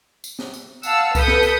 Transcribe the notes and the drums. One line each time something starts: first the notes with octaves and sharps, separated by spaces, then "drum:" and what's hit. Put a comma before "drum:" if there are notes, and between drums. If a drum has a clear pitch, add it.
drum: tambourine
drum: snare
drum: tambourine
F5 F#5 A5 E6, drum: tambourine
A4 B4 D#6 G6 B6 C#7, drum: kick C2, tambourine
drum: snare
drum: tambourine